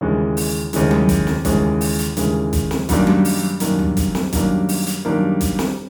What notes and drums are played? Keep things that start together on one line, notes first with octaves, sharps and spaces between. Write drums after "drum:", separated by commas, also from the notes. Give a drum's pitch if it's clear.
D#2 C#3 E3 G#3
drum: open hi-hat
D#2 C#3 E3 G#3, drum: hi-hat
drum: tom F#3
drum: kick, hi-hat
drum: snare
D#2 C#3 E3 G#3, drum: kick, hi-hat
drum: open hi-hat
drum: hi-hat
D#2 C#3 E3 G#3, drum: hi-hat
drum: kick, hi-hat
drum: snare
F#2 D#3 G3 A#3 D4, drum: kick, hi-hat
drum: tom F#3
drum: open hi-hat
F#2 D#3 G3 A#3 D4, drum: hi-hat
drum: tom D2
drum: kick, hi-hat
drum: snare
F#2 D#3 G3 A#3 D4, drum: kick, hi-hat
drum: open hi-hat
drum: hi-hat
F#2 D#3 G3 A#3 D4
drum: kick, hi-hat
drum: snare